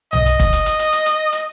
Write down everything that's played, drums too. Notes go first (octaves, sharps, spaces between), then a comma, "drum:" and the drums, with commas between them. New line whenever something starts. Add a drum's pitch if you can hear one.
D#5, drum: tom B1
drum: hi-hat
drum: kick, hi-hat
drum: hi-hat
drum: hi-hat
drum: hi-hat
drum: hi-hat
drum: hi-hat
drum: hi-hat